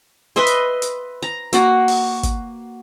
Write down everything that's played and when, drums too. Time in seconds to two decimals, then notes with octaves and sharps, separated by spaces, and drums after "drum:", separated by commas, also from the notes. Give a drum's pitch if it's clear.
0.36 B4 D#5 E5 C6
0.47 drum: hi-hat
0.82 drum: hi-hat
1.22 A#5
1.53 A#3 F#4 F#5, drum: hi-hat
1.88 drum: open hi-hat
2.23 drum: kick, hi-hat